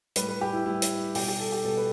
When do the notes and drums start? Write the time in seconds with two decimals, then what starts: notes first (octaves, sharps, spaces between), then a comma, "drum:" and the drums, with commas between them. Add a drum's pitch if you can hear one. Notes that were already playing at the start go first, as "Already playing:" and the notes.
0.16 A2 G3 B4, drum: hi-hat
0.29 B4
0.41 G4
0.53 E4
0.66 A2 G3 E4
0.82 drum: hi-hat
1.15 B2 G3 G4, drum: open hi-hat
1.28 G4
1.40 A4
1.52 G4
1.65 B2 G3 A4
1.77 B4